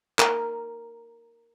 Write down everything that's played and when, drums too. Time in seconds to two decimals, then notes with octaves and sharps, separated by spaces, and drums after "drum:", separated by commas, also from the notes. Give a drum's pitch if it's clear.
0.19 A#4, drum: clap